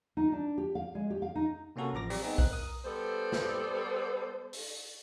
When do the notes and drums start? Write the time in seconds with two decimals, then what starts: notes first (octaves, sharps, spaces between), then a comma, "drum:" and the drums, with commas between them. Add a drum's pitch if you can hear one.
0.17 D#4
0.32 D4
0.58 G4
0.75 F5
0.95 G#3
1.10 G4
1.22 F5
1.35 D#4
1.76 C3 A#3 C#4 F#4 A4 A#4
1.93 A1 F3 A#5 D6 A#6
2.10 F#3 G3 C4, drum: open hi-hat
2.23 B3 C4 D#4 G#4
2.38 F#6, drum: kick B1
2.51 A#4 D#6
2.84 G3 B3 A4 C5
3.32 drum: snare
4.53 drum: open hi-hat